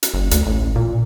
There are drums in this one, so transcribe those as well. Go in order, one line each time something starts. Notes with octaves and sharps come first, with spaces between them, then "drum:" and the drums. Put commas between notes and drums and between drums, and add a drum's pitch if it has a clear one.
drum: hi-hat
F#1
D2, drum: hi-hat
A1
A#2